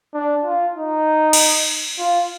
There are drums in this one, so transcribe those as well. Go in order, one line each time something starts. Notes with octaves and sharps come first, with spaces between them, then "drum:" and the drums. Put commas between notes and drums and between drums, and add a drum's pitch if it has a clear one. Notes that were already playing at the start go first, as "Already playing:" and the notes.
D4
F4
D#4
drum: cymbal
F4